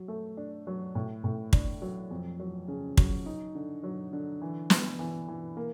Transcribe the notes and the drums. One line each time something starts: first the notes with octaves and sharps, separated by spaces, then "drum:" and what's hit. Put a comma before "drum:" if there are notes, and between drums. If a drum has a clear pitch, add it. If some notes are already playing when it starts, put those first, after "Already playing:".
Already playing: F#3
A3
D4
F#3
A2
A2
D4, drum: kick
F#3
F2
F#3
C#3
F#3, drum: kick
D#4
D3
F#3
D3
E3
B3, drum: snare
E3
E3
A#3